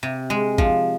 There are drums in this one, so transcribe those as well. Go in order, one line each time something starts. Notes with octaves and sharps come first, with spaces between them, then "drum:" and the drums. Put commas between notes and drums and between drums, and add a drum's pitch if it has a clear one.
C3
G#3
F3, drum: kick A1